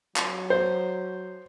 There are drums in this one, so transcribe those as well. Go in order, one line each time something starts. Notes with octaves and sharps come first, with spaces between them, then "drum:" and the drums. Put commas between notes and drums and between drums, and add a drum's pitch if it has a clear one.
F#3, drum: clap
C5